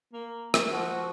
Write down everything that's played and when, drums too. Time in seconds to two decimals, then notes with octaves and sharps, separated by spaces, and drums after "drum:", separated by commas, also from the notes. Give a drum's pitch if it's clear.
0.13 A#3
0.54 drum: rim click
0.72 F3 F#4